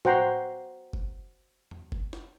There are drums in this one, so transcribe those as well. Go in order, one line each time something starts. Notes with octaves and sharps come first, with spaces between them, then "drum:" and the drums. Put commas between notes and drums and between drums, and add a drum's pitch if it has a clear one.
F#4 C5 F#5 G5 A#5 C6, drum: tom
drum: kick F#1
drum: tom E2
drum: kick F#1
drum: snare